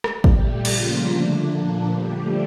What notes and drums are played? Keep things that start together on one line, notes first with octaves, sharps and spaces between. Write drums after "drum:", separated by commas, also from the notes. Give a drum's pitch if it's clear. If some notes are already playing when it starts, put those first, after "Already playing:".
drum: rim click
A#2 G3 A3 G4, drum: kick
C#3 F3 G3 A#3 F4, drum: cymbal
D3 A3 D4
A#2 F3 A#3 D4
D3 F3 G3 A3 G4